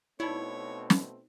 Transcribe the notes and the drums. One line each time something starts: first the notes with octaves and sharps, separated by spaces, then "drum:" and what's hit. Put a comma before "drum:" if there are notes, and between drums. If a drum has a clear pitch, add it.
B2 A3 C4 D#4 E4 C#5 D5
drum: snare